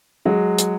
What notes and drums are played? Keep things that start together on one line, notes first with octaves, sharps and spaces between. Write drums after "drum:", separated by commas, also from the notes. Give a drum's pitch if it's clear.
F#3 G#3
drum: hi-hat